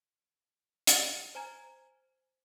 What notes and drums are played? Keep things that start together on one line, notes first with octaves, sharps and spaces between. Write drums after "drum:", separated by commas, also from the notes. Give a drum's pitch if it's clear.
drum: hi-hat
C5 G#5 A#5 G#6